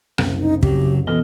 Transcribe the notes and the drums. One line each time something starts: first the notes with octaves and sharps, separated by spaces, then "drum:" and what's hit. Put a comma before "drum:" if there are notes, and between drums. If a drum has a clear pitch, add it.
F#1 C2 C4, drum: rim click
D#4
C#3 F#3 G4, drum: kick
B2 E3 A4 D#5 F6